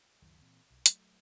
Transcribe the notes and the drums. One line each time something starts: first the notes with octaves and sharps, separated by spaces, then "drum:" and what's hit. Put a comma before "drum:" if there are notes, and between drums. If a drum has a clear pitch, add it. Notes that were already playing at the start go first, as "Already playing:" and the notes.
C#2 F#2 D#3 F#3
A#2 E3 C4
B1
F#3 A3, drum: hi-hat